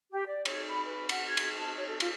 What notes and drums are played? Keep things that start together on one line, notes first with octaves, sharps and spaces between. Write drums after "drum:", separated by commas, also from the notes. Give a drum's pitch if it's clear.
G4
D5
C#5, drum: cymbal
B5
B4
F#5, drum: cymbal
G#6
drum: cymbal
A5
C#5
A4
F4, drum: cymbal